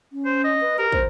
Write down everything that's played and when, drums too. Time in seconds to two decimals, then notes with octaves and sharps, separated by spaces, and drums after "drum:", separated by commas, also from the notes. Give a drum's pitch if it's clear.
0.13 C#4
0.25 C5
0.44 D#5
0.61 B4
0.78 G4 A#4
0.92 C5, drum: kick